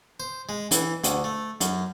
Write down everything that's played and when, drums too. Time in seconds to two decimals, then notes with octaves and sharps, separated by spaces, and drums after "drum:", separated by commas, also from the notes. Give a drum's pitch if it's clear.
0.20 C5
0.49 G#3
0.71 E3, drum: hi-hat
1.04 D2, drum: hi-hat
1.24 A3
1.61 F#2, drum: hi-hat